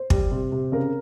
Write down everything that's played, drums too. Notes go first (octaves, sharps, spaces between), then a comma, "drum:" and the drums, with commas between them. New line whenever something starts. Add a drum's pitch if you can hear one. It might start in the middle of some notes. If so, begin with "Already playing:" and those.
Already playing: C5
G3, drum: kick
C3
C3
C#3 A#4